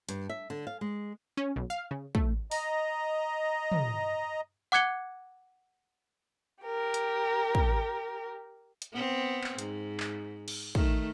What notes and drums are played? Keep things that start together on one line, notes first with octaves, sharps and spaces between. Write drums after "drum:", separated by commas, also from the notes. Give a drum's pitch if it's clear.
G2, drum: hi-hat
E5
D3
F5
G#3
C#4
B1
F5
C#3
A3, drum: kick
D#5 A#5, drum: open hi-hat
drum: tom
F#5 D6 F#6 G#6 C#7 G7
G4 A#4
drum: hi-hat
drum: kick
drum: hi-hat
B3 C4
drum: clap
G#2, drum: hi-hat
drum: clap
drum: cymbal
D#3 A3, drum: kick